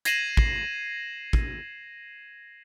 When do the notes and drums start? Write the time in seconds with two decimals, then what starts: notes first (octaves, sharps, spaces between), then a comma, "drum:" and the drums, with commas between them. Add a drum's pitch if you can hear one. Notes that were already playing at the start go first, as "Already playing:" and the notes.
0.05 G#6 A#6 C7 D#7 E7 F#7, drum: hi-hat
0.37 drum: kick
1.33 drum: kick